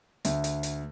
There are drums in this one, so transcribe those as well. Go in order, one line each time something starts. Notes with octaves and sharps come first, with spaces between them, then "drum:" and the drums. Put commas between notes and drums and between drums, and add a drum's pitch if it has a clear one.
D2, drum: hi-hat
drum: hi-hat
drum: hi-hat